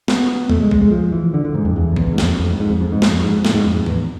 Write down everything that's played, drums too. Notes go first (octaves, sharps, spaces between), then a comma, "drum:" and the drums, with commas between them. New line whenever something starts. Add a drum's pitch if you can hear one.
B3, drum: snare
A3, drum: tom E2
G#3
G#3, drum: kick
G#3
F3
E3
D3
D3
G#2
F2
E2
F2
E2, drum: kick
G#2
F2, drum: snare
F2
G#2
G#2
F2
F2
G#2
F2, drum: snare
G#2
A2, drum: snare
G#2
F2
E2, drum: tom G#2